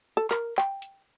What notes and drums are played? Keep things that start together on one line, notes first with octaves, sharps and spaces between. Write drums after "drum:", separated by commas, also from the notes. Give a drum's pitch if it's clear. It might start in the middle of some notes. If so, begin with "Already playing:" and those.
A4
A#4, drum: clap
G5, drum: clap
drum: hi-hat